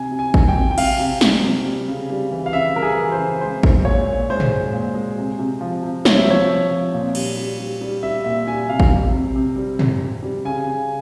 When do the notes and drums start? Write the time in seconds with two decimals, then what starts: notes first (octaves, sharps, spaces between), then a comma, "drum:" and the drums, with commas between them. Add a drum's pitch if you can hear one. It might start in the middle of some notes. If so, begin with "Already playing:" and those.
Already playing: C3 G#5
0.11 C3
0.19 G#5
0.34 C3, drum: kick A1
0.48 G5
0.56 C3
0.71 G5
0.78 C3 F5, drum: cymbal
0.99 C3
1.21 C3, drum: snare
1.43 C3
1.66 G3
1.88 C#3
2.10 G3
2.32 E3
2.46 F5
2.53 C#3 E5
2.75 G3 A#4
2.82 G#4
2.97 E3
3.12 C5
3.19 C#3
3.41 G#3 C5
3.63 G#3, drum: kick A1
3.85 A#2 C#5
4.08 A#2
4.30 G#3 C5
4.40 drum: tom
4.51 G#3
4.73 A#2
4.95 G#3
5.18 C3
5.39 C3
5.61 F3
5.83 C3
6.05 C3 C#5, drum: snare
6.18 E5
6.28 F3 C#5
6.49 F3
6.71 F3
6.93 A#2
7.15 G3, drum: cymbal
7.37 G3
7.60 G3
7.81 G3
8.03 G3 E5
8.24 A#2 E5
8.47 G3 G#5
8.69 C3 F5
8.80 drum: kick A1
8.91 G3
9.12 C3
9.36 C3
9.56 G3
9.79 C3, drum: tom
10.00 C3
10.23 G3
10.45 C#3 G#5
10.66 C#3